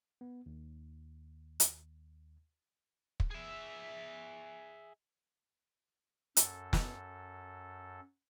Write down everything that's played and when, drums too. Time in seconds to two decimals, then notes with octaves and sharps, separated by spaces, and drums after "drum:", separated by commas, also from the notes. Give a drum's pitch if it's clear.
0.21 B3
0.46 D#2
1.60 drum: hi-hat
3.20 drum: kick
3.31 G#4 E5
6.37 F#2 A4, drum: hi-hat
6.73 drum: snare